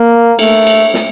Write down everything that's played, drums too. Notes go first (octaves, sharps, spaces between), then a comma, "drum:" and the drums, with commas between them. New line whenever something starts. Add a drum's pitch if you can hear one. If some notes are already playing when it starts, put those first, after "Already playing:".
Already playing: A#3
A3, drum: cymbal
drum: cymbal
drum: snare